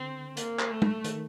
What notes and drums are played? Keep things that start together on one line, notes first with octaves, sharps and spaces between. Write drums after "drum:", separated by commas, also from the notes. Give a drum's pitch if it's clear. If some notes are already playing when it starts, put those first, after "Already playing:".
Already playing: D3 C4
A#3, drum: hi-hat
drum: clap
A3
drum: tom G#3
D#3, drum: hi-hat